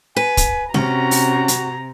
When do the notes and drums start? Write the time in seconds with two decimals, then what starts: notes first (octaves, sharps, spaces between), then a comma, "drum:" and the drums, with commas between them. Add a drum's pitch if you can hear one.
0.16 B4 G#5
0.37 drum: kick, hi-hat
0.74 C3 C#4 F#4 A#5, drum: snare G#3
1.11 drum: open hi-hat
1.48 drum: hi-hat